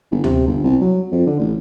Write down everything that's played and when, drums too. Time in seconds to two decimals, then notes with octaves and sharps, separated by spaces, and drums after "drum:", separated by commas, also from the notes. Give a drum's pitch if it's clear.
0.11 G1
0.24 C3, drum: tom D2
0.47 G1
0.64 C2
0.81 F#3
1.12 F2
1.26 D3
1.39 A1